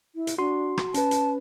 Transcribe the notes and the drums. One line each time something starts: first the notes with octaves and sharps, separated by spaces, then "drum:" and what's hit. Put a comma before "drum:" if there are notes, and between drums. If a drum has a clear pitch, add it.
E4
drum: hi-hat
D4 F#4 C6
drum: rim click
C#4 B4 A5, drum: hi-hat
drum: hi-hat